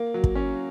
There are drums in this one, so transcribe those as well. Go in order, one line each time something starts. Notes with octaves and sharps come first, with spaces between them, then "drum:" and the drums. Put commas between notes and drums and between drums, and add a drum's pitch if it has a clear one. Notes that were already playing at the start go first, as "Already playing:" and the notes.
Already playing: A#3
F#3
drum: kick
C#4